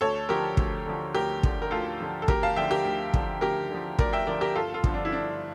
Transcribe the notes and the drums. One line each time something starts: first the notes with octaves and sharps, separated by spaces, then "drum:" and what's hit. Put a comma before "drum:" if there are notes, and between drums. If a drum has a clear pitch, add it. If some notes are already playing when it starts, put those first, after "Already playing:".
D2 A4 C#5
D3 F3 G4 A#4
D2, drum: kick
D3 F3
D2 G4 A#4
D3 F3, drum: kick
A#4
D2 F4 A4
D3 F3
A4
D2 G4 A#4, drum: kick
F5 A5
D3 F3 E5 G5
G4 A#4
D2
D3 F3, drum: kick
D2 G4 A#4
D3 F3
D2 A#4 D5, drum: kick
E5 G5
D3 F3 A#4 D5
G4 A#4
G1 F4 A4
F4 A4
G2 D3 F3, drum: kick
D4
E4
G1 D4